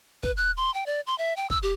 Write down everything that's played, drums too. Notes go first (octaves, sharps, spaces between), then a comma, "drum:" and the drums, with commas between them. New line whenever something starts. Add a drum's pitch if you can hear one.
B4, drum: kick
F#6
C6
G5
D5
C6
E5
G5
E6, drum: kick
G4